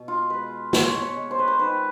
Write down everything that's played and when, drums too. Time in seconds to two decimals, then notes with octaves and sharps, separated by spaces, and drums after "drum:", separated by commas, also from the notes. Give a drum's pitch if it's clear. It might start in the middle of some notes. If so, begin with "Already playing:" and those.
Already playing: B2
0.08 F4
0.30 G#3 B4
0.73 B2 C#5, drum: snare
1.02 C#5
1.16 G#3
1.31 C5
1.39 B4
1.48 C5
1.59 D#3 B4